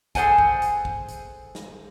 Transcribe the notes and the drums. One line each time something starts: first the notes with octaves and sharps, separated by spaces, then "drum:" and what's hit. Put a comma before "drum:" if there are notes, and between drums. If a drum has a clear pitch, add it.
G#4 A4 C5 F#5 G#5, drum: kick, hi-hat
drum: kick
drum: hi-hat
drum: kick
drum: hi-hat
drum: snare